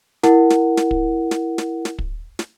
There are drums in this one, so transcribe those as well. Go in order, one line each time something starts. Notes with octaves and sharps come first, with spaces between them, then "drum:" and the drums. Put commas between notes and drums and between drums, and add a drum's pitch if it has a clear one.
E4 A#4 F#5, drum: snare
drum: snare
drum: snare
drum: kick
drum: snare
drum: snare
drum: snare
drum: kick
drum: snare